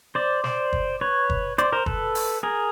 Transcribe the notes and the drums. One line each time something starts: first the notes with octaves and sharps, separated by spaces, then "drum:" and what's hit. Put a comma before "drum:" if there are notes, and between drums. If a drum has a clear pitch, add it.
C5 D5
C5 D5, drum: snare
drum: kick
B4 C#5
drum: kick
C5 D5, drum: hi-hat
A#4 C5
A4 B4, drum: kick
drum: open hi-hat
G#4 A#4